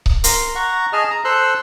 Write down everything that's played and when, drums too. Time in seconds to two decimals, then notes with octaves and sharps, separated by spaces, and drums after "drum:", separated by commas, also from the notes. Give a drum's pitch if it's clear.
0.06 drum: kick C#1
0.24 A#4 C6, drum: hi-hat
0.55 F#5 A#5 C#6
0.93 G#4 D#5 A5 F6
1.11 A#5
1.25 A4 C5 C6 E6 F#6